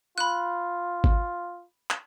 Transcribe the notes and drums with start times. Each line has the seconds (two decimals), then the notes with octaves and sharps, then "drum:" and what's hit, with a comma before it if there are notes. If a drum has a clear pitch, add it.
0.18 F4 B5 F#6
1.04 drum: kick G#1
1.90 drum: clap